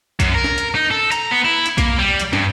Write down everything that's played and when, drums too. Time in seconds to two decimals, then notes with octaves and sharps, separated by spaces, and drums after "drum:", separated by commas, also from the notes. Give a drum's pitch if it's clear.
0.20 F#2, drum: kick B1, hi-hat
0.34 A#4
0.44 drum: snare
0.58 drum: hi-hat
0.75 D#4
0.91 A4
1.12 A#5, drum: hi-hat
1.31 B3
1.45 E4
1.66 drum: hi-hat
1.78 A#3, drum: kick B1, hi-hat
1.99 G3
2.20 drum: hi-hat
2.33 G2, drum: snare